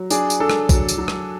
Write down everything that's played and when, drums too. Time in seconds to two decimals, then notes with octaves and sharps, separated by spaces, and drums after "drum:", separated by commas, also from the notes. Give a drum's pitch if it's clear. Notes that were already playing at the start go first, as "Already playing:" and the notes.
Already playing: F#3
0.10 D4 G#4, drum: tambourine
0.30 drum: tambourine
0.40 D4 A4
0.50 drum: rim click
0.69 F#3, drum: kick, tambourine
0.89 drum: tambourine
0.98 F#3
1.08 drum: rim click